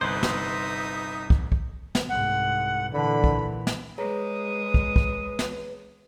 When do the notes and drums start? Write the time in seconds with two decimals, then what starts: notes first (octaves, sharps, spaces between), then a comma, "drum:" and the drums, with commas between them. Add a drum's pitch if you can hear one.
0.01 G1 C2 D#4 B4 C5 E5 D#6
0.23 drum: snare
1.30 drum: kick
1.52 drum: kick
1.95 drum: snare
2.09 C2 G#2 F#5
2.93 A#2 D3 E3 B5
3.24 drum: kick
3.67 drum: snare
3.98 G#3 G#4 B4 C#5 A#5 D#6
4.74 drum: kick
4.96 drum: kick
5.39 drum: snare